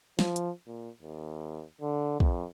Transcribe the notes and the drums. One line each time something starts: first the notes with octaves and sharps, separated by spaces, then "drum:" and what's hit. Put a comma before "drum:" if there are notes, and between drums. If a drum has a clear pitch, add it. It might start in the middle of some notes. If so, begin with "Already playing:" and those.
F3, drum: snare
drum: hi-hat
A#2
D#2
D3
F2, drum: kick